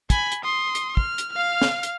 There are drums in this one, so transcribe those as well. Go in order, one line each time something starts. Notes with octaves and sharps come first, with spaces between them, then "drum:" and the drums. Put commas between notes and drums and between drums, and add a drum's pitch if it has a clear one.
G#5 B5, drum: kick, hi-hat
drum: hi-hat
C6 D#6
drum: hi-hat
F6, drum: kick
drum: hi-hat
F5 F6
drum: snare
drum: hi-hat